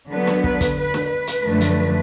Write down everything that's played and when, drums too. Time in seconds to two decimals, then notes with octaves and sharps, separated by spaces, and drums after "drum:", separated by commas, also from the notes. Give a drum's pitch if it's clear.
0.10 D3 F#3 B3 B4
0.27 drum: snare
0.44 B4, drum: kick
0.61 drum: kick, hi-hat
0.77 B4
0.94 drum: snare
1.11 B4
1.27 drum: hi-hat
1.45 F#2 D3 F3 A3
1.61 drum: hi-hat